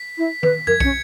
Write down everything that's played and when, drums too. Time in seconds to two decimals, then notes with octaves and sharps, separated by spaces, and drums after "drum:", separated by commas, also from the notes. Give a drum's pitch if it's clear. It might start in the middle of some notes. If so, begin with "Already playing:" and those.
Already playing: B6
0.18 E4
0.43 B4, drum: tom
0.67 A#4 G#6, drum: tom F2
0.80 C#4 C#7, drum: kick